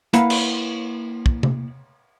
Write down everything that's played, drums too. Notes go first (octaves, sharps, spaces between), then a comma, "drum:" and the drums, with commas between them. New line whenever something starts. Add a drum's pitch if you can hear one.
A#3 E4 B4 F5 F#5, drum: hi-hat
drum: cymbal
drum: kick
drum: tom C3